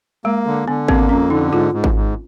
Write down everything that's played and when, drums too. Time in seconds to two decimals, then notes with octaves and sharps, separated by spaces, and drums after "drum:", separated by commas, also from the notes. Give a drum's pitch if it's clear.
0.25 G#3 A#3
0.46 D3
0.68 D3 B3
0.88 A#3 C4, drum: kick G#1
1.09 F2 C#4
1.30 D3 D#4
1.52 G#2 F4
1.73 G#2
1.84 drum: kick G#1
1.94 G#2